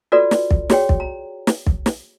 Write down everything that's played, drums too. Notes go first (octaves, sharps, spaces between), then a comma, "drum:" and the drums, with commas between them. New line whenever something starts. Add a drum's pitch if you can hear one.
F4 F#4 A4 B4 D5
drum: snare
drum: kick
F#4 G#4 C#5 G5, drum: snare
drum: kick
A#5
drum: snare
drum: kick
drum: snare